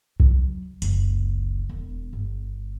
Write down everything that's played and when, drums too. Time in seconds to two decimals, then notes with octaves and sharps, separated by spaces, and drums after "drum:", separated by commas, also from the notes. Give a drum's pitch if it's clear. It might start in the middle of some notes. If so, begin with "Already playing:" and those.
0.20 F#3, drum: kick B1
0.82 F#1 C#2, drum: hi-hat
1.69 E1
2.13 G1